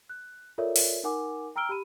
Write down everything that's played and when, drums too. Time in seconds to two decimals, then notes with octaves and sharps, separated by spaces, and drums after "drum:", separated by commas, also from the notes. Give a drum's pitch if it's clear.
0.09 F#6
0.58 F4 A4 A#4 C#5 D5 E5
0.76 drum: open hi-hat
1.04 D#4 A#4 F#5 G#5 D6
1.56 G5 A#5 E6 F6 D7 G7
1.69 G4 B5 D#7